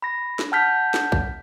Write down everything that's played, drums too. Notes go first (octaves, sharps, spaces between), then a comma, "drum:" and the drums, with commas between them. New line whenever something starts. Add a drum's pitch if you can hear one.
B5 A#6
drum: snare
F#5 A5 F6 G6 B6
drum: snare
drum: kick